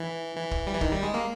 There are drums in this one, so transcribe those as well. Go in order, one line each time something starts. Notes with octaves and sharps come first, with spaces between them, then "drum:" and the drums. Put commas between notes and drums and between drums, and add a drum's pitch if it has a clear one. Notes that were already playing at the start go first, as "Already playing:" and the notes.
Already playing: E3
E3
drum: kick
G3
E3
D#3, drum: kick
G3
G#3
A#3